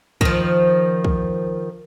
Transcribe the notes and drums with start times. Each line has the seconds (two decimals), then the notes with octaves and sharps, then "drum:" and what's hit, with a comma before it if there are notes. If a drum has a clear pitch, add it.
0.21 D#3 F3, drum: kick
1.04 drum: kick